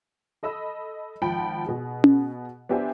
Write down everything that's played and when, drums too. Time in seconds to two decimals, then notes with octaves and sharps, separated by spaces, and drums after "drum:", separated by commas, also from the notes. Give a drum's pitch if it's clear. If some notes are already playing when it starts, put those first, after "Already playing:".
0.43 A4 D#5 B5 E6
1.22 G#1 F3 F#5 G5 B5
1.66 B2 G#4
2.04 drum: tom C#4
2.69 B3 D4 G4 C5 E5 G#5